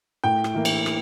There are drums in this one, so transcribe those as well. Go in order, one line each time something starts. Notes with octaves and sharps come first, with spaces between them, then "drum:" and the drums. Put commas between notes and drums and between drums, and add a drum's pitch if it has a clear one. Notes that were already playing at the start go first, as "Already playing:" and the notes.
A2 G5
drum: rim click
E3 A#3 E4
drum: cymbal
drum: rim click